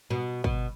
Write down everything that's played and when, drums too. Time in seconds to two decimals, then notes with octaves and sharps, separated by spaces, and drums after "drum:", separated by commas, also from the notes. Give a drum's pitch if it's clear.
0.10 B2
0.44 B2, drum: kick